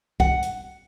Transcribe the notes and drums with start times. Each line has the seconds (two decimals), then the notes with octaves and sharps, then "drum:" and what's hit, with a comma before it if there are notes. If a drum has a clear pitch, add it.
0.20 F#5, drum: kick C2
0.42 drum: hi-hat